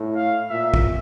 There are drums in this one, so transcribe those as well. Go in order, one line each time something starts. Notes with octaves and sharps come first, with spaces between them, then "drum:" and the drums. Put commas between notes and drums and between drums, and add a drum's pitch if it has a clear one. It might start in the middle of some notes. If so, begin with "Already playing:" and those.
Already playing: A2
F5
A#2 E5
drum: kick